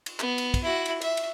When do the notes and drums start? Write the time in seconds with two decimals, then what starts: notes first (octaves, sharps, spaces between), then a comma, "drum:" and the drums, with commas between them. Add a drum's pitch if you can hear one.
0.06 drum: cymbal
0.20 B3, drum: clap
0.38 drum: cymbal
0.54 drum: kick, cymbal
0.63 E4 F#4
0.86 drum: cymbal
1.01 E5, drum: cymbal
1.17 drum: cymbal